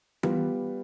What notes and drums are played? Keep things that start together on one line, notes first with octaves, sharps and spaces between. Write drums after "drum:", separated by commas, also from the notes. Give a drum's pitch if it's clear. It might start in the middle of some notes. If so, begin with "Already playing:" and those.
G3 B3 F4 B4, drum: tom E3